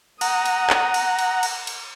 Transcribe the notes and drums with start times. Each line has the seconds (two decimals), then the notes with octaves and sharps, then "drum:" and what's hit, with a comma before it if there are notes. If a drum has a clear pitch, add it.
0.21 F#5 A#5 D#6, drum: cymbal
0.46 drum: cymbal
0.70 drum: clap
0.94 drum: cymbal
1.19 drum: cymbal
1.43 drum: cymbal
1.67 drum: cymbal